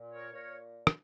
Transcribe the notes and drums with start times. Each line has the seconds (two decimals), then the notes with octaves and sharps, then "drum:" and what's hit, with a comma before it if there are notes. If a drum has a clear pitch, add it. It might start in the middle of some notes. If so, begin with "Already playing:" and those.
Already playing: A#2
0.12 A#4 C#5
0.33 A#2 A#4 C#5
0.87 drum: rim click